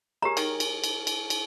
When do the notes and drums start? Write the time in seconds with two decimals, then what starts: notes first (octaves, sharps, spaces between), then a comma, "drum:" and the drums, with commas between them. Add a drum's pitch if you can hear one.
0.22 G4 G#4 A#4 C#5 A#5
0.37 D#3, drum: cymbal
0.60 drum: cymbal
0.84 drum: cymbal
1.07 drum: cymbal
1.30 drum: cymbal